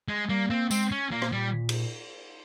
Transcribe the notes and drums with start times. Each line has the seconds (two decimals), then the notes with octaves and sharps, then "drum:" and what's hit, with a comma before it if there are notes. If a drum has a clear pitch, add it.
0.08 G#3
0.29 G3 A#3
0.50 A#3 C4
0.71 G#3 C4, drum: tambourine
0.91 C#4
1.11 A#2 A#3
1.22 drum: rim click
1.32 G3
1.69 drum: cymbal